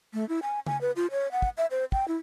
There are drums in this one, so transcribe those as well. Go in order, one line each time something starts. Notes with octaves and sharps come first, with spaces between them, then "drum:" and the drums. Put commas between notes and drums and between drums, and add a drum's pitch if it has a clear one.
A3
E4
G#5
G#5, drum: tom C#3
B4
F4
C#5
F#5
drum: kick
E5
C5
G5, drum: kick
E4